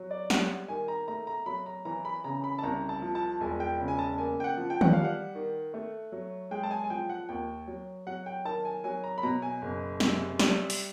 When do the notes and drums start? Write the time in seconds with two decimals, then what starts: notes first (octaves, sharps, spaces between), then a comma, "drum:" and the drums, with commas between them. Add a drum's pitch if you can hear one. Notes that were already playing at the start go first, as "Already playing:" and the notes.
Already playing: F#3
0.11 D5
0.30 G3 F#5, drum: snare
0.68 D#3 G#5
0.88 A#5
1.08 A3 A#5
1.27 A#5
1.46 F#3 B5
1.66 A#5
1.85 E3 A#5
2.05 B5
2.24 C#3 A#5
2.44 B5
2.58 A5
2.63 C2 A#5
2.89 A5
3.02 F3
3.15 A5
3.41 E1 G#5
3.60 G5
3.80 C#3
3.88 G#5
3.99 A5
4.18 A#3 G#5
4.40 G5
4.44 F#5
4.57 F3
4.70 G5
4.81 F#5, drum: tom D#3
4.93 G3 F5
5.04 F#5
5.35 D#3
5.74 A3
6.12 F#3
6.51 G#3 G5
6.63 A5
6.71 G#5
6.84 G#5
6.90 F3 G5
7.09 F#5
7.29 D#2 G5
7.68 F#3
8.07 F#3 F#5
8.26 G5
8.45 D#3 A5
8.65 G#5
8.84 F#3 G#5
9.04 A#5
9.18 B5
9.23 B2 A#5
9.42 G#5
9.62 F#1
10.00 C3, drum: snare
10.39 G3, drum: snare
10.70 drum: open hi-hat